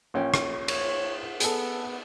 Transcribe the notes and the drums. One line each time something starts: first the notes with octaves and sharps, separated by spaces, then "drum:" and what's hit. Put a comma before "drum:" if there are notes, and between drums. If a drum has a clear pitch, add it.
A#1 C#4 G5
drum: rim click
C#5, drum: cymbal
B3 G#4 A4, drum: hi-hat